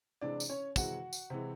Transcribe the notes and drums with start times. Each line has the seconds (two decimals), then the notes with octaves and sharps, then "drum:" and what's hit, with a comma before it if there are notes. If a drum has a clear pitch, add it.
0.21 C3 E3 G#3 D4 D5
0.40 drum: tambourine
0.49 C#4 C#5
0.76 C3 E3 G#3 F#4 F#5, drum: kick, tambourine
1.13 drum: tambourine
1.30 C3 E3 G#3